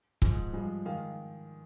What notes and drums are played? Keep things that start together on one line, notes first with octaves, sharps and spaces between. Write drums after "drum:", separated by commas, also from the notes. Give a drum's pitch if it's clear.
G#2 F3 G#3, drum: kick
G2 F3 G#3
D#3 G#3 F5